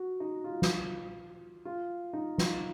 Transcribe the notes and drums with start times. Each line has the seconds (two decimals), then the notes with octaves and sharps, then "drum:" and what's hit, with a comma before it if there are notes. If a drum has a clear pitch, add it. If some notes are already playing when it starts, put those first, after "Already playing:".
Already playing: F#4
0.20 D#4
0.44 F4
0.62 drum: snare
1.65 F4
2.13 D#4
2.38 F4, drum: snare